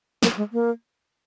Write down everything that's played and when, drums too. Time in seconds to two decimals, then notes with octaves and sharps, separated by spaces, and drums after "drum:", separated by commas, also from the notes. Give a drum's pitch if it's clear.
0.23 A#3, drum: snare
0.37 G#3
0.52 A#3